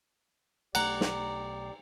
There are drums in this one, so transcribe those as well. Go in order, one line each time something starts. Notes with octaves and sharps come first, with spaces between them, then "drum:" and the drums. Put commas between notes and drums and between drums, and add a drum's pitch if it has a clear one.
B1 A3 G4 D5 F#5 A#5, drum: cymbal
drum: snare